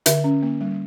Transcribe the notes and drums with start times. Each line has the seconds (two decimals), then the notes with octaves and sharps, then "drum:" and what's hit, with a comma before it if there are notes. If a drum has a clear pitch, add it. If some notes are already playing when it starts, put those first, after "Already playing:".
0.06 D3 E5, drum: hi-hat
0.24 C#4
0.43 A#3
0.61 G3